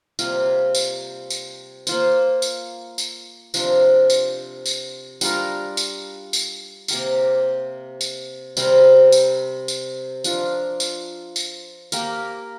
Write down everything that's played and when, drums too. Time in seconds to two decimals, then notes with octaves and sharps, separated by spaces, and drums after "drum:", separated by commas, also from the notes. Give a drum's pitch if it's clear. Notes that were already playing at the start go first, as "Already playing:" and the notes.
0.19 C3 G3 A#3 F4, drum: tambourine
0.75 drum: tambourine
1.30 drum: tambourine
1.87 A#3 F4 C5, drum: tambourine
2.42 drum: tambourine
2.98 drum: tambourine
3.54 C3 F3 D4 A#4, drum: tambourine
4.10 drum: tambourine
4.66 drum: tambourine
5.21 G3 D4 F4 A#4, drum: tambourine
5.77 drum: tambourine
6.33 drum: tambourine
6.88 C3 A#3 G4 A#4, drum: tambourine
8.01 drum: tambourine
8.57 C3 G3 C4 A#4, drum: tambourine
9.12 drum: tambourine
9.68 drum: tambourine
10.24 F3 D4 F4 A#4, drum: tambourine
10.80 drum: tambourine
11.36 drum: tambourine
11.92 A#3 G4 A#4, drum: tambourine